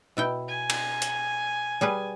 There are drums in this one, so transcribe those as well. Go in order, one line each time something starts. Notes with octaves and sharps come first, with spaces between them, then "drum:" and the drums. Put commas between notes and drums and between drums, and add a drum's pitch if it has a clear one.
B2 E4 G5
G#5
drum: cymbal
drum: hi-hat
G3 G#4 B4